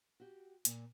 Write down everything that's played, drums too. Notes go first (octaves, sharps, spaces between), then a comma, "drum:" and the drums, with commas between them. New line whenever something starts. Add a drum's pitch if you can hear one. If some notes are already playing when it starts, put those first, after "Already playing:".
F#4 G4
A#2, drum: hi-hat